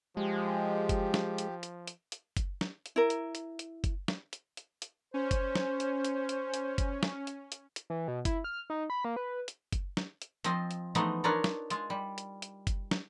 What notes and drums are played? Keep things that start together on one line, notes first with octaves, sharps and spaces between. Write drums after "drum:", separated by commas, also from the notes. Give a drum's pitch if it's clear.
F3 G#3 G4
drum: kick F#1, hi-hat
drum: snare
drum: hi-hat
drum: hi-hat
drum: hi-hat
drum: hi-hat
drum: kick F#1, hi-hat
drum: snare
drum: hi-hat
E4 A#4
drum: hi-hat
drum: hi-hat
drum: hi-hat
drum: kick F#1, hi-hat
drum: snare
drum: hi-hat
drum: hi-hat
drum: hi-hat
C#4 C5
drum: kick F#1, hi-hat
drum: snare
drum: hi-hat
drum: hi-hat
drum: hi-hat
drum: hi-hat
drum: kick F#1, hi-hat
drum: snare
drum: hi-hat
drum: hi-hat
drum: hi-hat
E3
B2
E4, drum: kick F#1, hi-hat
F6
D#4
B5
A#3
B4
drum: hi-hat
drum: kick F#1, hi-hat
drum: snare
drum: hi-hat
F3 C4 F4 D#5, drum: hi-hat
drum: hi-hat
E3 F3 G#3 A3 B3 D#4, drum: hi-hat
D4 D#4 F4 A#4 B4 C#5
drum: snare
G#3 F4, drum: hi-hat
G3
drum: hi-hat
drum: hi-hat
drum: kick F#1, hi-hat
drum: snare